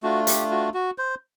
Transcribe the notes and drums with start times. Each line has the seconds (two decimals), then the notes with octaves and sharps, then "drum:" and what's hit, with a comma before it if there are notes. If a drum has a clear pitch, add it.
0.03 A3 D4 F4 F#4
0.27 G4, drum: hi-hat
0.51 F#4
0.74 F#4
0.98 C5